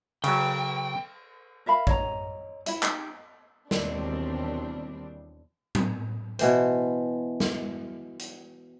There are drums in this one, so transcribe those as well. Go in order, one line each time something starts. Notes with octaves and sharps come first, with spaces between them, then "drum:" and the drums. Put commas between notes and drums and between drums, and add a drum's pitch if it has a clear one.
C#3 F#3 G5, drum: cymbal
A#4 E5 F5 B5
C#5 D#5 A#5, drum: kick
E4 E5, drum: hi-hat
D#4 G4, drum: clap
D#2 B2 E3 G3 C4 D4, drum: snare
drum: tom A2
B2 E3 C5, drum: hi-hat
drum: snare
drum: hi-hat